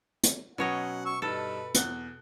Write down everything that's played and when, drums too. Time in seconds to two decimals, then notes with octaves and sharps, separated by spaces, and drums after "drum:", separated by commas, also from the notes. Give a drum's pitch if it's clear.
0.24 drum: hi-hat
0.58 B2 F#3 C#4 C#5 D#5 F#5
1.06 C#6 E6
1.22 G2 D#4 A4 B4
1.75 E2 F#6 G7, drum: hi-hat